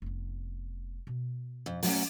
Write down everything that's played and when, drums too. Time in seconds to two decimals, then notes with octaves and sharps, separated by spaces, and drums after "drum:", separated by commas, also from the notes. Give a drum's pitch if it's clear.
0.02 F1 B3
1.07 B2
1.66 F2
1.83 F#3 A3 C#4, drum: open hi-hat